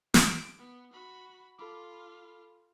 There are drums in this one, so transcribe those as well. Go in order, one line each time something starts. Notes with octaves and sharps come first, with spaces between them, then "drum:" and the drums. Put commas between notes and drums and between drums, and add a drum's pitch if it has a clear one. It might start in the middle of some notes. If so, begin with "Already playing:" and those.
D7, drum: snare
B3
F#4 B5
F4 A4 B5 D6